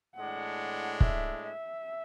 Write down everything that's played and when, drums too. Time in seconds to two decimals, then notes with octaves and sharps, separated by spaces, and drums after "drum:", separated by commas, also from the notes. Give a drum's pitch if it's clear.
0.16 A2 G#3 D4 F#5
1.01 E5, drum: kick
1.43 E5